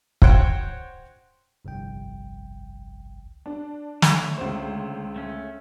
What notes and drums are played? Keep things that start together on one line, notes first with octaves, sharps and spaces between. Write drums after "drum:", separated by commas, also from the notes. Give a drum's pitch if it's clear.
F#4 C5 C#5 F#5 G5, drum: kick
G1 C2 F2 G5
D4
D3 A3 C#5, drum: snare
C#2 C5
A3 C#4